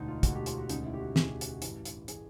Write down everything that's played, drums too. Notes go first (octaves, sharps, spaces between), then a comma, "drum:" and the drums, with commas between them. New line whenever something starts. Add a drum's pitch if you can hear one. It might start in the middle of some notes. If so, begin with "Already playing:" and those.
Already playing: E1 D2 D3 D#4
F4
E1 D2 D3 F#4, drum: kick, hi-hat
G4
F4, drum: hi-hat
F#4
E1 D2 C#3 D#4, drum: hi-hat
E4
G4
F#4
E1 D2 C#3 G#4, drum: snare
G4
F#4, drum: hi-hat
G4
A1 G2 E3, drum: hi-hat
drum: hi-hat
E3 G#4, drum: hi-hat